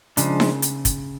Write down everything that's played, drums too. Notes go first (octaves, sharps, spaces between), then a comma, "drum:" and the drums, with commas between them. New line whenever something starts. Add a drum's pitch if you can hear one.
C#3 F3 G#3 D4, drum: hi-hat
drum: snare D#4
drum: hi-hat
drum: kick, hi-hat